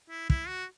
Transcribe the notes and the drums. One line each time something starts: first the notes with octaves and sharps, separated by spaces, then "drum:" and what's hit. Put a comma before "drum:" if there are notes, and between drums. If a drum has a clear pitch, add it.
E4
E4, drum: kick
F#4